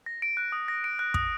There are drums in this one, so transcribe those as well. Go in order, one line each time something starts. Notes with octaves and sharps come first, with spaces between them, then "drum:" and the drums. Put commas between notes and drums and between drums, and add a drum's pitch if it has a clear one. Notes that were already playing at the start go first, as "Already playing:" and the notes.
A#6
D7
F#6
D#6
A#6
D7
F#6
D#6, drum: kick